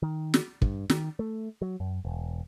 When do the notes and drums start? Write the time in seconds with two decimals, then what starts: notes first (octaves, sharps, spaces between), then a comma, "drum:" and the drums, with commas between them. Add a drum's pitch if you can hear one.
0.02 D#3
0.34 drum: snare
0.62 G2, drum: kick
0.90 D#3, drum: snare
1.19 A3
1.62 F#3
1.80 F#2
2.05 E1